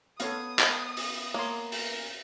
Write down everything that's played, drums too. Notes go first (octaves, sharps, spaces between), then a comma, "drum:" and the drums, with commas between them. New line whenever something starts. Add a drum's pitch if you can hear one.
B3 A4 C#5 F5 D#6, drum: hi-hat
drum: clap
drum: open hi-hat
A#3 C#5 C6
drum: open hi-hat